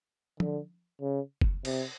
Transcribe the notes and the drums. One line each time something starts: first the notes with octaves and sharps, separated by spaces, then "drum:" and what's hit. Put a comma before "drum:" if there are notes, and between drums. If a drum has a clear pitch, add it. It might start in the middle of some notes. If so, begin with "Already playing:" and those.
D3, drum: tom
C#3
drum: kick F#1
C3, drum: cymbal